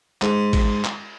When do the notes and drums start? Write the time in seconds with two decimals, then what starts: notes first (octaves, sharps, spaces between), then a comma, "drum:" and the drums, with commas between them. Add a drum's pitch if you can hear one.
0.22 G#2, drum: clap
0.53 drum: kick, cymbal
0.84 drum: clap